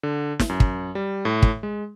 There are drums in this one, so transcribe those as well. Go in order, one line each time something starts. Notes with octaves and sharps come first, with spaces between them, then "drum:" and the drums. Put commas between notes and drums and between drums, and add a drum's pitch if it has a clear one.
D3
drum: snare
F#2
drum: kick
G3
A2
drum: kick
G#3